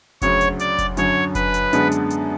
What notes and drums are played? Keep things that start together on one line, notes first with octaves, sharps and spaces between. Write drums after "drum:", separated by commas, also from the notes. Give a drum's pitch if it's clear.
D2 C#3 F#3 C#5, drum: kick F1, hi-hat
drum: hi-hat
D5, drum: hi-hat
drum: kick F1, hi-hat
F#2 D3 F#3 C#5, drum: hi-hat
B4, drum: kick F1, hi-hat
drum: hi-hat
F#2 D3 G#3 B3 D4, drum: hi-hat
drum: hi-hat
drum: hi-hat